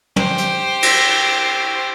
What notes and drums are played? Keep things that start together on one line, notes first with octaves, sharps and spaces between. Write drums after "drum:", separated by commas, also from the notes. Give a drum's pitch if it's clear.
G4 C5, drum: tom
drum: hi-hat
drum: cymbal